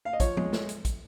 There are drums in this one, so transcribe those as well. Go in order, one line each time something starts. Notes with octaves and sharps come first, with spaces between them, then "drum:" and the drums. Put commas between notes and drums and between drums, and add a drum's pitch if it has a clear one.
F5
D#5
F3 C#5, drum: kick, hi-hat
G#3, drum: tom F3
drum: snare
drum: hi-hat
drum: kick, hi-hat